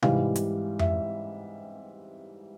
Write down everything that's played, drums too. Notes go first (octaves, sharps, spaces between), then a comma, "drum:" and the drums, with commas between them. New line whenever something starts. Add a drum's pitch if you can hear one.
G#2 E3 G3 F5, drum: tom C3
drum: hi-hat
E5, drum: tom F2